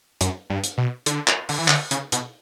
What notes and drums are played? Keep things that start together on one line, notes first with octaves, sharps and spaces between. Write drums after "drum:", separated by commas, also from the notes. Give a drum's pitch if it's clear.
F#2, drum: hi-hat
G2
drum: hi-hat
B2
D3, drum: hi-hat
drum: clap
D3, drum: open hi-hat
E3
D3, drum: clap
C#3, drum: hi-hat
B2, drum: hi-hat